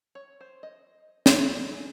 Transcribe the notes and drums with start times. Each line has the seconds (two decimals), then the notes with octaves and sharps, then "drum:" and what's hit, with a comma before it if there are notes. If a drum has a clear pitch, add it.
0.15 C#5
0.41 C5
0.63 D#5
1.26 E5, drum: snare
1.51 D5
1.74 G#4